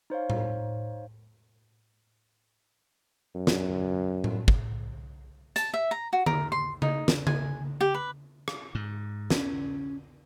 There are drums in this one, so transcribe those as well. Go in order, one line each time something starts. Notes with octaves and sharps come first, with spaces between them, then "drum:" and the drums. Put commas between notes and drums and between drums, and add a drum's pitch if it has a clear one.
D#4 C5 C#5 F5
drum: tom A2
F#2
drum: snare
drum: tom A2
drum: kick
A5, drum: hi-hat
E5
A#5
F#4
A#4, drum: tom D3
C6
D#4, drum: tom C#3
drum: snare
G#5, drum: tom C#3
G4
B4
drum: rim click
G#2
C#4, drum: snare